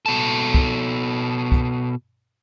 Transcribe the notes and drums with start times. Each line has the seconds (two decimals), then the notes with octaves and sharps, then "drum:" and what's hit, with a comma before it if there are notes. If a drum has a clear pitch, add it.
0.06 B2 A4
0.54 drum: kick
1.52 drum: kick